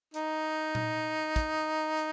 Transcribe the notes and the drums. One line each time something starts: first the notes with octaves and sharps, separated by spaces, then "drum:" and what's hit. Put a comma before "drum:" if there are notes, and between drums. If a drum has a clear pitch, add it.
D#4, drum: hi-hat
drum: tom A#2
drum: kick, hi-hat
drum: hi-hat